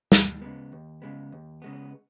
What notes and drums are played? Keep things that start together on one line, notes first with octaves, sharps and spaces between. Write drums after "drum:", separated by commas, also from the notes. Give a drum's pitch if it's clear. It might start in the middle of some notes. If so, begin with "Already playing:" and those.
D#2, drum: snare
C#3 G#3 B3
D#2
C#3 G#3 B3
D#2
C#3 G#3 B3